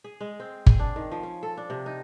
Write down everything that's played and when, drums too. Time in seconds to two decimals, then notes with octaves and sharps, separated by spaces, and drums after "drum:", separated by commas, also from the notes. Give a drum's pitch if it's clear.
0.04 G#4
0.21 G#3
0.40 C4
0.66 G#4, drum: kick G1
0.79 D4
0.96 D#3
1.11 F3
1.23 C#4
1.43 A4
1.57 D4
1.70 C3
1.86 D#4